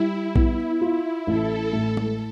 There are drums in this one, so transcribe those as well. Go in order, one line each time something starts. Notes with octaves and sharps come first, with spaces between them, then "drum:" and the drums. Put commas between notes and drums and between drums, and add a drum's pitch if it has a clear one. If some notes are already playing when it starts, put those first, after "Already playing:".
Already playing: G3 E4
B3, drum: kick A#1
F4
A1 A4
A2
drum: tom G#3